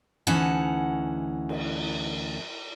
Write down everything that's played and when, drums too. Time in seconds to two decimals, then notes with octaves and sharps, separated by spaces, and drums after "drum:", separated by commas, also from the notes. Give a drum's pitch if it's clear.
0.27 D2 E3 C#4 D#4 F#5 A5
1.49 drum: cymbal